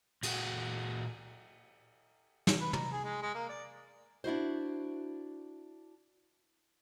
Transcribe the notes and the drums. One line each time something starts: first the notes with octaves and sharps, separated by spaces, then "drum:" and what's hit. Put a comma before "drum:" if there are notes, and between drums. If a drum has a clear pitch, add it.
A#2 F#4 G#4 F#5, drum: cymbal
drum: snare
B4
A#5, drum: tom
G#4
G#3
G#3
A#3
D5
D4 E4 F#4 C5